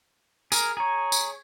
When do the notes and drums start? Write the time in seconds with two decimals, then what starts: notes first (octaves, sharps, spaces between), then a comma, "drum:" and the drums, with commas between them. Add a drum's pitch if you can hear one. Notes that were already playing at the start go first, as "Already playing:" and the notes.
0.52 G#4 A#4, drum: tambourine
0.77 G#4 C#5 A#5
1.12 drum: tambourine